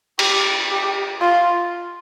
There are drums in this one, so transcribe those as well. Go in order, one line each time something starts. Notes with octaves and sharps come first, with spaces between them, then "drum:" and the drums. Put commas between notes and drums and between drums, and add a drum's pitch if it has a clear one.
G4, drum: cymbal
G4
F4